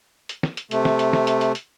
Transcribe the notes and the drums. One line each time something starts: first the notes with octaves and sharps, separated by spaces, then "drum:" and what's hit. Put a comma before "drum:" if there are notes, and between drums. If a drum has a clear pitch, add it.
drum: hi-hat
drum: snare
drum: hi-hat
C3 A3, drum: hi-hat
drum: snare
drum: hi-hat
drum: snare
drum: hi-hat
drum: hi-hat
drum: hi-hat